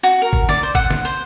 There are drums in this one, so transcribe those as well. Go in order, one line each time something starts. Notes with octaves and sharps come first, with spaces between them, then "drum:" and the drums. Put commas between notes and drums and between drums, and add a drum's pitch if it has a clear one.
F#4
A#4
drum: kick
D5, drum: snare
C5
F#5, drum: kick
drum: snare
C5